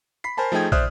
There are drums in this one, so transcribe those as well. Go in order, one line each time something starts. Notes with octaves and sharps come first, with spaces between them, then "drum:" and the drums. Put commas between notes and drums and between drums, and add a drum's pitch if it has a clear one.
B5 B6 C7
A#4 C5 G#5 A5 B5
F3 A3 D#4 G#4 G5 G#6
C5 D5 E5 D#6 F6 F#6, drum: kick